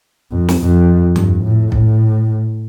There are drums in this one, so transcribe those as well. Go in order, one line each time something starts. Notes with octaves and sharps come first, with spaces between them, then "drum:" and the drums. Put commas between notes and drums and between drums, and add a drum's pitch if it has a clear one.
F2
drum: snare
F2
G2, drum: tom E2
A2
A2, drum: kick B1